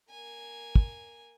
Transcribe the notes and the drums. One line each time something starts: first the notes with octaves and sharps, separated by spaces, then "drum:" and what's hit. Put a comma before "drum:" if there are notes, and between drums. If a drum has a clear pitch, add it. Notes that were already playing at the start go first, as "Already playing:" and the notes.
A#3 G#5
drum: kick